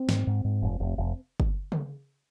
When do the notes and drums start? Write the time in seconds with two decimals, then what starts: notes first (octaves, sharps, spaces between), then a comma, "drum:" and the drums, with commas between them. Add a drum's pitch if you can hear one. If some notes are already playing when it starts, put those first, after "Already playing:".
Already playing: C4
0.09 G#2, drum: snare
0.27 G#2
0.44 G#2
0.62 F1
0.80 F1
0.98 F1
1.40 drum: kick
1.72 drum: tom C#3